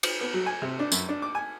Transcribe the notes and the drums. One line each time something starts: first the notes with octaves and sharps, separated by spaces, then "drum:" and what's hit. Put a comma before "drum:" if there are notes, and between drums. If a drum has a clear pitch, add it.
drum: cymbal
B3
F#3
G#5
C3
D4
F#2, drum: tambourine
D4
D6
G#5